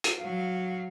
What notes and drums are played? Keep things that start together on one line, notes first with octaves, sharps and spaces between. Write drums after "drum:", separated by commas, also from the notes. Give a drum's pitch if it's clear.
drum: hi-hat
F#3 F5